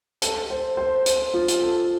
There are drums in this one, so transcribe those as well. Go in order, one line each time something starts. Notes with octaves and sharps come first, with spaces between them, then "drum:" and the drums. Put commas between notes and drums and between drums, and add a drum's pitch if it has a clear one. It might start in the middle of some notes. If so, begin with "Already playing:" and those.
A4, drum: hi-hat
C5
C5
C5, drum: hi-hat
F4
drum: hi-hat
A4